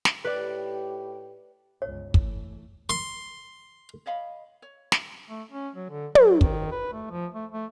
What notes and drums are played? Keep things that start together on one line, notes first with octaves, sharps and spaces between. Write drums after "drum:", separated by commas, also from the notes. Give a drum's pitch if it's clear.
drum: snare
A2 G4 B4 D5
G1 C#2 C#5
E3 A3, drum: kick
C6
C#5 D#5 F5 B5
C#5
drum: snare
A3
C#4
F#3
D3
F#3, drum: tom
D#3, drum: kick
B4
A3
F3
A3
A3